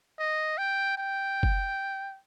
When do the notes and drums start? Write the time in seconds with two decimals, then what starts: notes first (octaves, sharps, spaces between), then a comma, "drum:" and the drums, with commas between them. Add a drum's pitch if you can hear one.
0.19 D#5
0.58 G5
0.98 G5
1.43 drum: kick F#1